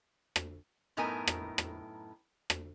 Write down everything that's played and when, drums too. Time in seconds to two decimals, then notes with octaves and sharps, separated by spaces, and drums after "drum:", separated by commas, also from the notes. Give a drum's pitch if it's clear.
0.36 drum: rim click
0.97 F#2 A2 B3 D#4 A#4 G#5
1.27 drum: rim click
1.58 drum: rim click
2.50 drum: rim click